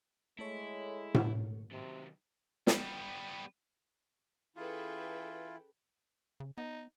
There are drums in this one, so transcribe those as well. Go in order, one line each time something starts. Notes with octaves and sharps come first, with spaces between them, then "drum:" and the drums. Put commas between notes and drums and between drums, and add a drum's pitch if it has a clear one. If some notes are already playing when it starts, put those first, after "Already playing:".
G#3 A3 E4 A4 C#5
drum: tom A2
C3 D#3 F#3
G3 B3, drum: snare
E3 C#4 E4 F4 G#4 A4 B4 G5
C#3
B3 D#4